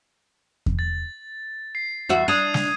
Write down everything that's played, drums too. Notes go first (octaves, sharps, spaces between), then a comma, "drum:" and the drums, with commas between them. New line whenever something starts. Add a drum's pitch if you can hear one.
drum: kick E2
A6
C7
E2 F#4 E5
D4 D#6 G#6 D#7
drum: snare